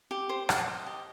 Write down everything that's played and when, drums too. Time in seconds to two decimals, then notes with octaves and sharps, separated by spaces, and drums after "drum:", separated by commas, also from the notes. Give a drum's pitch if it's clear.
0.11 G4
0.29 C5
0.49 D#5, drum: rim click
0.68 D#5
0.86 G4